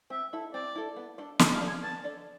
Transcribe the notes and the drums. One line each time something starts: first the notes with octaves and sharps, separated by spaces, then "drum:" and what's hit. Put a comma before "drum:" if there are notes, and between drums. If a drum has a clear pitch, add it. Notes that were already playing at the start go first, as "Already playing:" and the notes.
C4 E5
E4 A4
C4 D5
E4 A4
B3
D4 A4 D5
B3 E5, drum: snare
F5
D4 A4 D5
G#5
B3 A5
D4 A4 D5